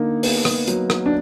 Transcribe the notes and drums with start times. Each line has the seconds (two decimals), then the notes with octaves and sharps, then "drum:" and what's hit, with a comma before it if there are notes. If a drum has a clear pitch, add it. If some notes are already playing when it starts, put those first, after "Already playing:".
Already playing: D3 A#3 D#4
0.23 B3, drum: open hi-hat
0.45 drum: rim click
0.67 F#3, drum: hi-hat
0.90 drum: rim click
1.06 D4